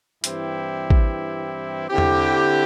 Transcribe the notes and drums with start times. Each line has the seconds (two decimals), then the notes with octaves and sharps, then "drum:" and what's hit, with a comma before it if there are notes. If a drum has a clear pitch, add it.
0.24 G2 E3 C4 E4 G4, drum: hi-hat
0.90 drum: kick
1.89 D3 C4 E4 G4
1.98 drum: tom E2